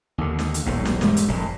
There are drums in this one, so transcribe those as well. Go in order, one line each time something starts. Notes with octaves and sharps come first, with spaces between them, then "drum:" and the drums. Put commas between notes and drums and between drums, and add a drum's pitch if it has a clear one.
D#2 D3
drum: snare
drum: hi-hat
D#1 B1 G#2
drum: snare
E1 G#2 G3 A3, drum: snare
drum: hi-hat
F1 F2 A#2